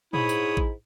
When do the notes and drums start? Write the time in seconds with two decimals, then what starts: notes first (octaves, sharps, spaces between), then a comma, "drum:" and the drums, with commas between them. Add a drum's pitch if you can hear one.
0.13 G#2 E4 C#5 B5 D#6, drum: tom A#2
0.29 drum: tambourine
0.57 drum: kick A1